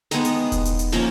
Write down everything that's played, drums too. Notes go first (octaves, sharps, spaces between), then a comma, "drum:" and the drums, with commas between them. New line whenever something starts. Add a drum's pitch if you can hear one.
D#3 G#3 B3 A#5, drum: snare
drum: hi-hat
drum: kick E1, hi-hat
drum: hi-hat
drum: hi-hat
F3 A#3 C#4 A#5, drum: snare